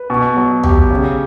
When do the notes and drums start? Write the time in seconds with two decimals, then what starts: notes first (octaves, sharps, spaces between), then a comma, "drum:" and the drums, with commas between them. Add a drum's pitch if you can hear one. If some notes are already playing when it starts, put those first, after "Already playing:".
Already playing: B4
0.10 B2
0.37 F#3
0.64 G4, drum: tom
0.91 C#3